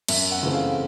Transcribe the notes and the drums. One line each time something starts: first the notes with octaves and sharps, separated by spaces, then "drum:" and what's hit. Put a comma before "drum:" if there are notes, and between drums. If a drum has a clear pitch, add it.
F#2 E5, drum: cymbal
F#5
C#3 E3 A3 C4
F5